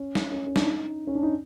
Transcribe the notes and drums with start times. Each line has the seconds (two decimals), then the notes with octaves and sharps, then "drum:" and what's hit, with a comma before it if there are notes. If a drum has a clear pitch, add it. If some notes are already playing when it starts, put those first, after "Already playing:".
Already playing: C#4
0.15 drum: snare
0.32 C#4
0.47 C#4
0.56 D4, drum: snare
0.64 D#4
1.07 C#4
1.15 D4
1.23 D#4